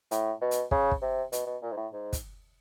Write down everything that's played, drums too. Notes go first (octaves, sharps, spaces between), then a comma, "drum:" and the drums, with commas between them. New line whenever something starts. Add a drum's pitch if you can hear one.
A2, drum: hi-hat
B2
drum: hi-hat
C#3, drum: kick
drum: kick
C3
B2, drum: hi-hat
B2
A#2
G#2
A2
G#2
drum: kick, hi-hat